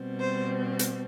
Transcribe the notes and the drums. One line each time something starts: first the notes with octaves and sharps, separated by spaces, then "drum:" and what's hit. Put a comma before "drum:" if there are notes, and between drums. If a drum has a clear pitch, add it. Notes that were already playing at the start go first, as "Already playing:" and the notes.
Already playing: B2 G3 C4
C5
drum: hi-hat